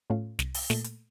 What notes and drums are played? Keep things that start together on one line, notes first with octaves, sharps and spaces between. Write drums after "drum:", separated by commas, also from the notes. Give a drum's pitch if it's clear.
A2 A3 C#4 F4
C2, drum: snare
drum: open hi-hat
A#2 A3, drum: snare
drum: hi-hat